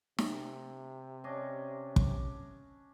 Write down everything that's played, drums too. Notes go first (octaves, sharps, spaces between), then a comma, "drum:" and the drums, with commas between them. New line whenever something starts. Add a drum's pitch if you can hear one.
C3, drum: snare
C#4 D4 D#5
drum: kick